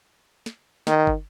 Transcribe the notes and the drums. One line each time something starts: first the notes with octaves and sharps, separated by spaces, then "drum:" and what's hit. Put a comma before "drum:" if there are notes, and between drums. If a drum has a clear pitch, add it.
drum: snare
D#3, drum: snare
drum: kick